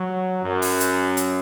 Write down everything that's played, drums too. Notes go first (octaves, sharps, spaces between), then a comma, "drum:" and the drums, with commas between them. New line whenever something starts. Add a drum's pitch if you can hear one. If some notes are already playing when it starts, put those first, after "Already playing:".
Already playing: F#3
F#2
drum: open hi-hat
drum: hi-hat
drum: hi-hat